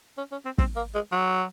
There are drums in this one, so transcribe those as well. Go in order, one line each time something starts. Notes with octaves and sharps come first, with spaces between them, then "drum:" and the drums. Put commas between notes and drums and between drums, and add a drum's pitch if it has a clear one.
C#4
C#4
C4
C4, drum: kick
A#3
G#3
F#3